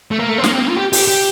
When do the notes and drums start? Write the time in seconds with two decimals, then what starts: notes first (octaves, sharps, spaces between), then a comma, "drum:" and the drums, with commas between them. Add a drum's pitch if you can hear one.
0.11 A3
0.20 A#3
0.29 A3
0.38 C4
0.44 A#3, drum: snare
0.52 C4
0.60 A#3
0.69 F4
0.76 G4
0.93 G4, drum: open hi-hat
1.08 G4